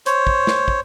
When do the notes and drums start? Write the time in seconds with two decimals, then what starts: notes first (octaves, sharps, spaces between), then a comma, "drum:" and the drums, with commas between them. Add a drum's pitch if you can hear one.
0.06 C5 C#5, drum: hi-hat
0.27 drum: kick
0.47 drum: snare
0.68 drum: kick